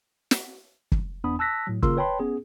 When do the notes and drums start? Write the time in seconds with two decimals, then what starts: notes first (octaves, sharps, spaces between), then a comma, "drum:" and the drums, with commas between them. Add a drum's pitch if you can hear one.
0.31 drum: snare
0.92 drum: kick
1.24 E2 B3 D4 B5 D#6
1.39 A5 E6 F#6 A#6 B6
1.67 A2 F#3
1.83 C#3 A#3 F4 A#4 C6 E6, drum: kick
1.97 B4 C#5 G5 A5 B5 C6
2.20 B3 C#4 G#4